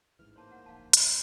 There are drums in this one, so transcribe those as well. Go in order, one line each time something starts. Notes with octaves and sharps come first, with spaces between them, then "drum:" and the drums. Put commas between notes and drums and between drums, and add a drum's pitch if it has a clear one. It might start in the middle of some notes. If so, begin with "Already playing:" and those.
A1 G#2 E3 F6
A#3 C5 C#5 A5
F#5
D1 A#1 D#4 F5 A5
drum: hi-hat
C5 E6